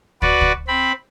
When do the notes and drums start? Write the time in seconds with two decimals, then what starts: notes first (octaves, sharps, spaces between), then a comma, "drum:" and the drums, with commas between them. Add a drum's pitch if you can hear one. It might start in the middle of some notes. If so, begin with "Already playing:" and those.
0.22 F#4 B4 D5, drum: kick
0.41 drum: kick
0.68 C4 B5